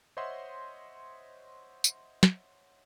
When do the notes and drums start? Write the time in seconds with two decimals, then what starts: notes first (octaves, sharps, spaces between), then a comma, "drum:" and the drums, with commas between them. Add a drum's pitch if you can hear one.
0.17 C5 C#5 D#5 E5 F#5 C6
1.84 drum: tambourine
2.23 drum: snare